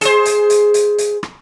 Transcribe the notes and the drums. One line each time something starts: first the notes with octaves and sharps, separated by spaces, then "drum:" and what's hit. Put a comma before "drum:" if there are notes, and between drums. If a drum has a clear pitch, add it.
G#4 C5, drum: hi-hat
drum: hi-hat
drum: hi-hat
drum: hi-hat
drum: hi-hat
drum: rim click